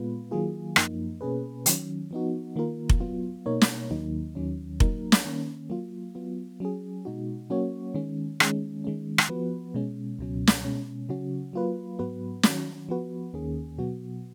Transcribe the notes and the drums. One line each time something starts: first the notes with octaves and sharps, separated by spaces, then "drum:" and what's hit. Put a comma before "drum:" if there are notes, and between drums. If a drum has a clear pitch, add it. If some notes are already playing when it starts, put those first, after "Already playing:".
Already playing: A#2 G#3 B3 F4 B4
D#3 F#3 A#3 F4 G#4
F#2 F3 A#3 D#4, drum: rim click
B2 A#3 C#4 G#4 B4
D#3 F#3 C#4, drum: hi-hat
F3 B3 D#4 F#4
D#3 A#3 F4 A#4
drum: kick F1
F#3 B3 F4
B2 A#3 D#4 A#4 C#5
drum: snare
D#2 D#3 F#3 A#3 D#4
D#2 D#3 F#3 C#4
F#3 A#3 D#4 A#4, drum: kick F1
drum: snare
D#3 A#3 C#4
F#3 A#3 F4
F#3 B3 F4
F#3 C#4 G#4
B2 G#3 D#4 F#4
F#3 A#3 C#4 F#4 C#5
D#3 G#3 C#4
D#3 G#3 C#4, drum: rim click
D#3 G#3 C#4
drum: rim click
F3 B3 F#4 B4
B2 G#3 C#4
C#2 B2 F#3 C#4
drum: snare
B2 G#3 C#4
C#3 F#3 C#4 F#4
F#3 A#3 F4 B4
G#2 F#3 B3 F#4 B4
D#3 F#3 C#4 F#4, drum: snare
F3 B3 F#4 B4
D#2 D#3 A#3 C#4 G#4
B2 F#3 B3 F#4